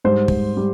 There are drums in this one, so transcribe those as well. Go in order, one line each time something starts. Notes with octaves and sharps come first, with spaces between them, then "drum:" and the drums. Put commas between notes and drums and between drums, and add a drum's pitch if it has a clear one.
G#2 G3 C5
drum: kick
G3